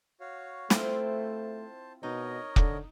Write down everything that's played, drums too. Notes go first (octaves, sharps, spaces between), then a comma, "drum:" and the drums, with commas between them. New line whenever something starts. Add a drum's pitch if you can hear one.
F#4 C#5 F5
A3 C4 E4 F4 C5 A5, drum: snare
B2 D#4 A#4 C#5 D#5
D3, drum: kick